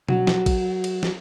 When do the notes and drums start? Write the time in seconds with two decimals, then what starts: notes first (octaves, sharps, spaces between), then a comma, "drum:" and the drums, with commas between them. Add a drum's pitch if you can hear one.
0.09 F#3 F#4, drum: tom B2
0.27 drum: snare
0.46 drum: kick A#1, cymbal
0.84 drum: cymbal
1.03 drum: snare